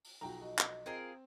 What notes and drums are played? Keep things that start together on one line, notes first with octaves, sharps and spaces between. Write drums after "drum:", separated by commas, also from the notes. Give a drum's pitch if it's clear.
drum: open hi-hat
B1 F3 F#4 G5 A#5
F#4 D#5
drum: clap
C4 F4 G#4 A#4